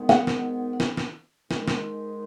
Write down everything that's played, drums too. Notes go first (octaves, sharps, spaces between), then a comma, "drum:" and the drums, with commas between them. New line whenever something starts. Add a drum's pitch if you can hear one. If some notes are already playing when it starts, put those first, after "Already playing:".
Already playing: G#2 D#3 G#3 B3
F#5, drum: snare
drum: snare
drum: snare
drum: snare
G#2 D#3 G#3, drum: snare
drum: snare